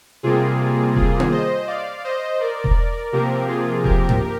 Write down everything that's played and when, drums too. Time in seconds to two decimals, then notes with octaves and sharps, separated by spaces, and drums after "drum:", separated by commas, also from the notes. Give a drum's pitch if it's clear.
0.23 C3 G3 A#3 F4 G#4
0.95 F4 G#4, drum: kick E1
1.20 drum: tom A#3
1.31 C5 D#5
1.67 D5 F5
2.04 C5 D#5
2.40 A#4 D5
2.64 drum: kick E1
3.12 C3 F3 A#3 G4 A#4
3.48 F4 G#4
3.84 G4 A#4, drum: kick E1
4.09 drum: tom G2